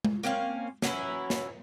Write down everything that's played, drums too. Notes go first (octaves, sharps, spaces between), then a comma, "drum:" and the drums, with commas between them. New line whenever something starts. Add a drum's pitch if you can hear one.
drum: tom G#3
A#3 C4 C#4 F5
E3 F#3 C#4 E4, drum: snare
drum: snare